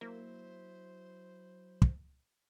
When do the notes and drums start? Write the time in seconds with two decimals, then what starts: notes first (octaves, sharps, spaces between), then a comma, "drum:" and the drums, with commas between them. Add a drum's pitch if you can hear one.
0.01 F#3 A#3 E4 C5
1.82 drum: kick